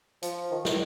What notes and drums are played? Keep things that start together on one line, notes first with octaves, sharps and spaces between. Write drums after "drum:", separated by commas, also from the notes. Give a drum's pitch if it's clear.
F3, drum: hi-hat
D#3
drum: snare